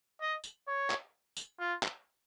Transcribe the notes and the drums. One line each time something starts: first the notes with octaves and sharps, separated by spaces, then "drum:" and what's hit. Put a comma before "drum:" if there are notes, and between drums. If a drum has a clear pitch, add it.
D#5
drum: tambourine
C#5
drum: clap
drum: tambourine
F4
drum: clap